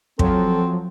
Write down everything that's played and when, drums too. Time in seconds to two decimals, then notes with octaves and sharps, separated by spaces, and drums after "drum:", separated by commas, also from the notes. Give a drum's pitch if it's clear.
0.19 F3 F#3 C4 A4, drum: kick